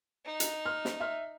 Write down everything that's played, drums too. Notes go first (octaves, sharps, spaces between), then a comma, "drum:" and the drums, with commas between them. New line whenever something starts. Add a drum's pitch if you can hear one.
D#4
drum: hi-hat
F6
drum: snare
E5 F6